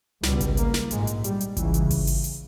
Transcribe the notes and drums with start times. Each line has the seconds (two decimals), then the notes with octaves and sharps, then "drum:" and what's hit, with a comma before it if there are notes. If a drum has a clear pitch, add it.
0.23 C#2 B2 G3, drum: snare
0.40 drum: kick G#1, hi-hat
0.57 A#3, drum: hi-hat
0.74 drum: snare
0.91 A#1 G#2 G#3, drum: hi-hat
1.07 drum: hi-hat
1.24 G3, drum: hi-hat
1.41 drum: hi-hat
1.57 C#2 C#3 E3, drum: kick G#1, hi-hat
1.74 drum: hi-hat
1.91 drum: kick G#1, open hi-hat
2.07 drum: open hi-hat
2.24 drum: hi-hat